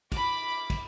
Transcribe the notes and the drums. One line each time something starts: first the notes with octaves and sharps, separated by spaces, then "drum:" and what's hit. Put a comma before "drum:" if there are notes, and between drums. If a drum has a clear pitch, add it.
B5 D6, drum: kick, cymbal
drum: kick, cymbal